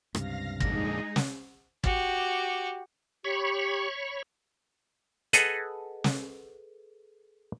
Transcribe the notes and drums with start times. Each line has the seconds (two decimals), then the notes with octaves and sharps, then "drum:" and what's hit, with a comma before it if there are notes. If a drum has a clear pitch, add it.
0.15 C#2 G2 C3 F5 A#6, drum: rim click
0.60 F2 A#2 D3 G#3 D#4 G#4 A#6, drum: kick
1.16 drum: snare
1.84 F#4 G4, drum: kick
3.24 G4 C#5 B5 C#6
5.33 G#4 A4 B4 D#5 F#5 G#5, drum: hi-hat
6.04 drum: snare